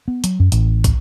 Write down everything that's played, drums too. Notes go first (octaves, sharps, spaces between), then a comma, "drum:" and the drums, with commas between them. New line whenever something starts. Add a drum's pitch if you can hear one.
B3
F#3, drum: hi-hat
F#2
A1, drum: hi-hat
drum: kick, hi-hat